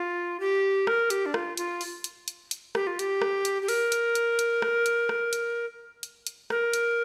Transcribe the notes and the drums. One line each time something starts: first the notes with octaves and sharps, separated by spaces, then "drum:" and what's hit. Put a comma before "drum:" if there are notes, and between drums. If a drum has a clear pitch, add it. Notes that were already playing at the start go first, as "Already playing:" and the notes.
Already playing: F4
G4
A#4, drum: rim click
G4, drum: hi-hat
D4
F4, drum: rim click
F4, drum: hi-hat
drum: open hi-hat
drum: hi-hat
drum: hi-hat
drum: hi-hat
G4, drum: rim click
F4
G4, drum: hi-hat
drum: rim click
drum: hi-hat
G4
A#4, drum: open hi-hat
drum: hi-hat
drum: hi-hat
drum: hi-hat
drum: rim click
drum: hi-hat
drum: rim click
drum: hi-hat
drum: hi-hat
drum: hi-hat
A#4, drum: rim click
drum: hi-hat